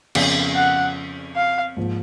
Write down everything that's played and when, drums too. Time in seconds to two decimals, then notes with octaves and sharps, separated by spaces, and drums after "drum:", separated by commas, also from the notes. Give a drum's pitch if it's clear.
0.15 F2 C#3 F3 B3 F4, drum: cymbal
0.55 F#5
1.36 F5
1.77 G#2 F3 A#3